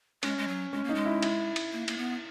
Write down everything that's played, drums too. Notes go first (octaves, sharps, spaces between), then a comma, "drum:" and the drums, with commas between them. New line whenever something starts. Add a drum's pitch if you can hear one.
G#3 C#4, drum: cymbal
G#3
F#3
G#3 C#4
A#3 D#4
G#3
E4
E4, drum: cymbal
drum: cymbal
A#3
A#3, drum: cymbal
B3